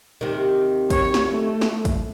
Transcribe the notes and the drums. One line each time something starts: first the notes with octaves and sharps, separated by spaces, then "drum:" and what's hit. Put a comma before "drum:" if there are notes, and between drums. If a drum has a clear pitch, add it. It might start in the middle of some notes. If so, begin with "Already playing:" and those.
D#2 C3 D#3
C#5, drum: kick, hi-hat
drum: snare
A3
drum: snare
drum: kick, hi-hat